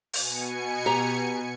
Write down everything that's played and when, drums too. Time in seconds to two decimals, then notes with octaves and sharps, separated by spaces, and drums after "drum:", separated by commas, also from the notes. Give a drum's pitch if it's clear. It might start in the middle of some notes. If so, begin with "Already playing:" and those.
0.13 B2 G#5 C#7, drum: open hi-hat
0.86 G4 A#5